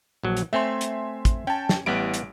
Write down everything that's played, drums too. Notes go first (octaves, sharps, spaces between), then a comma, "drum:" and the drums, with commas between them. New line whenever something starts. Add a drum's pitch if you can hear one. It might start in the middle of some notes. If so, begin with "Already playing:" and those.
A#1 F#3
drum: hi-hat
A3 C4 C#5 E5 G#5 C6
drum: hi-hat
drum: kick, hi-hat
C#4 G5 A5
drum: snare
A1 G3 B3 E4 D7
drum: hi-hat